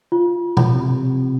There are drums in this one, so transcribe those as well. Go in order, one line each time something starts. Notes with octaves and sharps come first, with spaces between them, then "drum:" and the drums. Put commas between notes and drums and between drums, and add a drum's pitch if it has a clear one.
F4
drum: tom B2
C3